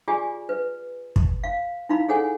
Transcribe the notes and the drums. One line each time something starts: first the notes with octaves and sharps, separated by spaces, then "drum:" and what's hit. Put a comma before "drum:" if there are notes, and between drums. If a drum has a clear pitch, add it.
F4 G4 G#4 D5 G#5
B4
drum: kick
F5
D#4 E4 F5 B5
G#4 A4 C#5 F#5 G#5